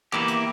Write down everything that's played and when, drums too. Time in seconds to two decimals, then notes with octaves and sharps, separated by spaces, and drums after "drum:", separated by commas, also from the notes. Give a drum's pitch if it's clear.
0.13 E2 E3 A#3 E4 G4, drum: clap
0.28 drum: hi-hat